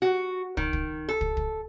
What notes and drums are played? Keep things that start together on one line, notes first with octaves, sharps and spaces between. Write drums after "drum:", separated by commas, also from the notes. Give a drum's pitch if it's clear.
F#4
D#3, drum: kick
drum: kick
A4
drum: kick
drum: kick